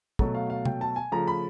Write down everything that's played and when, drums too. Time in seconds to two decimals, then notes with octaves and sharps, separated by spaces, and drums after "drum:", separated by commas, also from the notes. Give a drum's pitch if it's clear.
0.19 B2 F#3 A3, drum: kick
0.35 F5
0.50 F5
0.65 G5, drum: tom
0.81 A5
0.96 G#5
1.12 C#3 F3 A3 A#5
1.28 B5